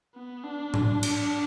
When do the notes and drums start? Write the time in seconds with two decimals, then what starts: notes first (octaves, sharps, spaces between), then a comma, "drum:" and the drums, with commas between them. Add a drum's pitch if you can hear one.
0.15 B3
0.44 D4
0.74 drum: tom G#2
1.03 drum: cymbal